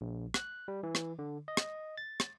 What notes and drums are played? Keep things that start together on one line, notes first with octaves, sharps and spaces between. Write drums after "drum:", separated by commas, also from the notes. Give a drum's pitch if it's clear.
A#1
F#6, drum: rim click
G3
E3
drum: rim click
D3
D#5
drum: rim click
A6
drum: rim click